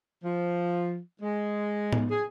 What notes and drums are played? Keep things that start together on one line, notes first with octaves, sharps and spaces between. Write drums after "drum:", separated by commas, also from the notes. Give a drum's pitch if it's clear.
F3
G#3
drum: tom
G#4